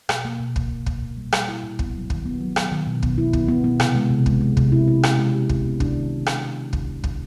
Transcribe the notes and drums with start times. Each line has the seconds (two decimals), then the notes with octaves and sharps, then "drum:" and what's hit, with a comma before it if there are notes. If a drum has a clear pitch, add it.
0.09 B2, drum: rim click
0.25 A#3
0.40 B2
0.56 B2, drum: kick
0.71 B2
0.86 B2, drum: kick
1.02 A#2
1.17 G3
1.32 G3, drum: rim click
1.48 E4
1.63 A#2
1.79 B3, drum: kick
1.95 F#3
2.10 D#3, drum: kick
2.25 B3
2.41 F#3
2.56 F#3, drum: rim click
2.72 D#3
2.87 B2
3.03 B3, drum: kick
3.18 E4
3.33 B3, drum: kick
3.48 B3
3.64 B3
3.80 C3, drum: rim click
3.95 G#3
4.10 C3
4.26 G#3, drum: kick
4.41 G#3
4.57 C3, drum: kick
4.72 E4
4.88 E4
5.03 C#4, drum: rim click
5.19 G#3
5.34 G4
5.49 G#3, drum: kick
5.65 B3
5.80 D4, drum: kick
5.96 D#3
6.11 D#3
6.26 drum: rim click
6.73 drum: kick
7.04 drum: kick